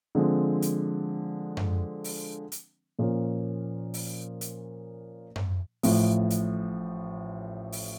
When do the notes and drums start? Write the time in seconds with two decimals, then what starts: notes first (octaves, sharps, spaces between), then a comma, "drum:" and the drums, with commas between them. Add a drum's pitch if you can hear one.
0.15 D3 F3 G#3 C4
0.62 drum: hi-hat
1.57 drum: tom F#2
2.04 drum: open hi-hat
2.52 drum: hi-hat
2.99 A#2 F3 A#3 C#4
3.94 drum: open hi-hat
4.41 drum: hi-hat
5.36 drum: tom F#2
5.83 A1 A2 F3, drum: open hi-hat
6.30 drum: hi-hat
7.72 drum: open hi-hat